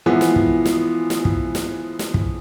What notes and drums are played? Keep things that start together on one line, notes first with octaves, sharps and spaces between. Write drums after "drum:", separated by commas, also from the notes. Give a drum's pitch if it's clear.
E3 F3 G#3 B3
drum: snare
drum: kick
drum: snare
drum: snare
drum: kick
drum: snare
drum: snare
drum: kick